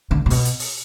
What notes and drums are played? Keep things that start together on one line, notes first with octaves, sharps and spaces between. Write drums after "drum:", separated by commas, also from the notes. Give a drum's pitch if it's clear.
D3
A#2
B2, drum: open hi-hat
drum: hi-hat
drum: open hi-hat